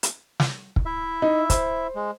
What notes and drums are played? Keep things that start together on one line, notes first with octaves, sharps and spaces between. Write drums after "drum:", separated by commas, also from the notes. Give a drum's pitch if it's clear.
drum: hi-hat
drum: snare
drum: kick
E4 E5
D#4
C5, drum: kick, hi-hat
G#3